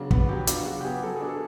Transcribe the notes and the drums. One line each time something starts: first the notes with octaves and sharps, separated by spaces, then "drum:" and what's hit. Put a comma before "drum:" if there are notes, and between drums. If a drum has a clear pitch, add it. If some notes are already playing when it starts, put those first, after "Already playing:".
Already playing: C#3 F#3 B3 D4
B3, drum: kick
F#3 G4
D4 F4, drum: hi-hat
C#3 F#4
G4
B3 G#4
F#3 A4
G#4
D4
A4